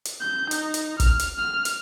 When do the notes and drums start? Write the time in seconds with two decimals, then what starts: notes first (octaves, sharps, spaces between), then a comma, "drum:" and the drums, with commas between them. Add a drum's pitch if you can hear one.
0.05 drum: hi-hat
0.21 G6
0.51 D#4, drum: hi-hat
0.74 drum: hi-hat
1.00 F6, drum: kick, hi-hat
1.19 drum: hi-hat
1.38 F6
1.65 drum: hi-hat